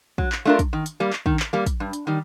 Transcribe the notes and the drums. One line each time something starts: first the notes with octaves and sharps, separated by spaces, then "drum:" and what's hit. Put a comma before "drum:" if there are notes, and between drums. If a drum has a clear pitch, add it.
F#3, drum: kick
drum: clap
A3 D4 F4 A#4
drum: kick, hi-hat
D#3
drum: hi-hat
G3 A#3
drum: clap
D#3, drum: kick
drum: clap
G3 A#3
drum: kick, hi-hat
G2
drum: hi-hat
D#3 G3